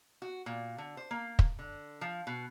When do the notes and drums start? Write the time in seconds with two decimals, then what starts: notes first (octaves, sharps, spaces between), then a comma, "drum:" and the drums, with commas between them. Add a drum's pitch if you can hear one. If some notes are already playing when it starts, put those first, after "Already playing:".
0.22 F#4
0.46 A#2
0.78 D3
0.97 C5
1.11 A#3
1.39 drum: kick
1.59 D3
2.01 F3
2.27 B2